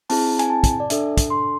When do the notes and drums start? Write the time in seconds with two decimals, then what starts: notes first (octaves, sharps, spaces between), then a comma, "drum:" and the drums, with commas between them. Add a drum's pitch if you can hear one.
0.10 C4 E4 G#4 A5, drum: open hi-hat
0.39 G#5, drum: hi-hat
0.50 A5
0.64 drum: kick, hi-hat
0.80 D5
0.90 D4 A4 E5, drum: hi-hat
1.17 drum: kick, hi-hat
1.30 C6